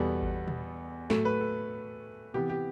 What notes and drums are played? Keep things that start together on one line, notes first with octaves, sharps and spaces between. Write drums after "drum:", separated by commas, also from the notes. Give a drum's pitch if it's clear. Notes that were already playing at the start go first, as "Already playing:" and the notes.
Already playing: E2 B2 G3 B3 A4
drum: kick G#1
drum: tom
A2 F#3 A3 A4, drum: snare
B4
A4
C3 E3 B3 G4
G4